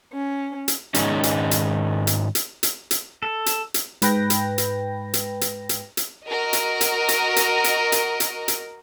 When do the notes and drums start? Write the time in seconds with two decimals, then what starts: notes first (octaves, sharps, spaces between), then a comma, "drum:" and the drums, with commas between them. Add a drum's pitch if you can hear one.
0.13 C#4
0.68 drum: hi-hat
0.94 G#2 D#3 G#3 C#4 D#4, drum: hi-hat
1.23 drum: hi-hat
1.51 drum: hi-hat
2.07 drum: hi-hat
2.35 drum: hi-hat
2.63 drum: hi-hat
2.91 drum: hi-hat
3.23 A4
3.46 drum: hi-hat
3.74 drum: hi-hat
4.02 G#2 B4 G5 A#6, drum: hi-hat
4.30 drum: hi-hat
4.58 drum: hi-hat
5.14 drum: hi-hat
5.41 drum: hi-hat
5.69 drum: hi-hat
5.97 drum: hi-hat
6.25 F#4 A#4 D#5
6.53 drum: hi-hat
6.81 drum: hi-hat
7.09 drum: hi-hat
7.36 drum: hi-hat
7.64 drum: hi-hat
7.92 drum: hi-hat
8.20 drum: hi-hat
8.48 drum: hi-hat